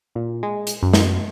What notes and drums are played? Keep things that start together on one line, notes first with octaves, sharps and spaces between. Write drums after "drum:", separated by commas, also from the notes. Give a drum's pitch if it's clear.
A#2
G#3
drum: hi-hat
F#2
drum: snare